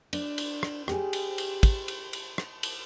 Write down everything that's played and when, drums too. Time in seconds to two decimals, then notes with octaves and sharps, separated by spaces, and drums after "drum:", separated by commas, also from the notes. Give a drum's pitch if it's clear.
0.13 D4, drum: cymbal
0.38 drum: cymbal
0.63 drum: rim click
0.88 G4 G#4, drum: rim click
1.13 drum: cymbal
1.38 drum: cymbal
1.63 drum: kick, cymbal
1.88 drum: cymbal
2.13 drum: cymbal
2.38 drum: rim click
2.63 drum: cymbal